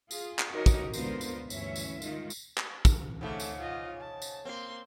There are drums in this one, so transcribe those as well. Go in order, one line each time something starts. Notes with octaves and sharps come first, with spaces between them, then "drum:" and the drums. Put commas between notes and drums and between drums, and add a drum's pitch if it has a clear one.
F4 G#4, drum: tambourine
drum: clap
D#4 F#4 G4 A#4 C#5 D#5
drum: kick, tambourine
D3 G#3 B3 F4 A#4 C5, drum: tambourine
drum: tambourine
D2 G2 E3 C#4 C#5 E5, drum: tambourine
drum: tambourine
D#3 G#3 F4, drum: tambourine
drum: tambourine
drum: clap
drum: kick, tambourine
G#2 C#3 A3
drum: tambourine
F4 D#5
A5
drum: tambourine
A#3 C4 C6